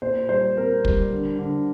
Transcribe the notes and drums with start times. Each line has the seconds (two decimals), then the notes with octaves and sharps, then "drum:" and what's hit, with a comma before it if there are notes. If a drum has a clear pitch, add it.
0.02 A#2 C5
0.29 G3 C5
0.57 C4 A#4
0.85 G3, drum: kick
1.11 D3
1.39 D3